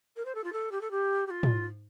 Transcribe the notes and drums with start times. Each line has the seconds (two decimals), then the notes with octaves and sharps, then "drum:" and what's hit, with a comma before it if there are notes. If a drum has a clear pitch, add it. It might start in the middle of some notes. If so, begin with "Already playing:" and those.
0.16 A#4
0.25 C5
0.35 A4
0.44 F4
0.52 A4
0.71 G4
0.81 A4
0.91 G4
1.26 G4
1.30 F4
1.43 drum: tom